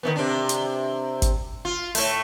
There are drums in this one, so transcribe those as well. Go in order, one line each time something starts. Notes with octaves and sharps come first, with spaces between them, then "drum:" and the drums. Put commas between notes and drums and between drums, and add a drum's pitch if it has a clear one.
D#3 E3 B3
C3 D4
drum: hi-hat
drum: kick G1, hi-hat
F4
A2 A3, drum: open hi-hat